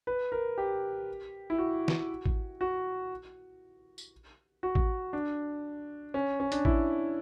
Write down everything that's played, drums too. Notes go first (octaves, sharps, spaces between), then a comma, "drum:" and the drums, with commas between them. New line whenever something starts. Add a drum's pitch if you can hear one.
B4
A#4
G4
E4
F#4
drum: snare
drum: kick A1
F#4
drum: tambourine
F#4
drum: kick A1
D4
C#4
C#4
D4, drum: hi-hat
E4, drum: kick A1